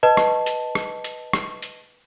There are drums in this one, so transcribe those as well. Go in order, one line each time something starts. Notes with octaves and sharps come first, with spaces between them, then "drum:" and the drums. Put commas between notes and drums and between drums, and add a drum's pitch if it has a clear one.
B4 D#5 A5
drum: rim click
drum: hi-hat
drum: rim click
drum: hi-hat
drum: rim click
drum: hi-hat